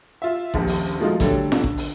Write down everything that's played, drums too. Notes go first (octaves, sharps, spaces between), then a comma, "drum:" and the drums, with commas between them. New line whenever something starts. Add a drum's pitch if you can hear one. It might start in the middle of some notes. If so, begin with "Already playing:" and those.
F4 E5
D#1 A#1 D#2, drum: kick A1
drum: open hi-hat
F3 G#3 A3 D#4 F4 F#4
D3 F#3 G3 A3, drum: kick A1, hi-hat
D3, drum: snare F4
drum: kick A1
drum: open hi-hat